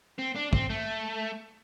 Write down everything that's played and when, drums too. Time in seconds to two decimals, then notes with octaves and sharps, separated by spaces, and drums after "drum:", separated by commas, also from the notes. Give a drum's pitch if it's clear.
0.18 C4
0.35 D4
0.53 C4, drum: kick
0.70 A3